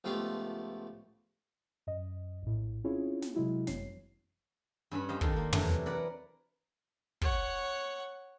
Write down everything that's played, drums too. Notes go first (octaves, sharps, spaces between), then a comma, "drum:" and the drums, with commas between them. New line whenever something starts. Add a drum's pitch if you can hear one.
C#2 F3 A3 B3 G4 C6
F#2 D#5
A#1 A2
C4 C#4 E4 F4 G#4 C#5
drum: snare
C3 F#3 G#3 E4 F#4
G1 F#2 C#5 C7, drum: snare
G2 C#4 F#5 B5
F2 G4 C5 D#5 F5 C6
D#3 D4 F4 A4 A#4, drum: kick
A#3
C3 E3 F#3 A3 D4, drum: tom
A#4 B4 D5 F#5
C#5 F#5, drum: kick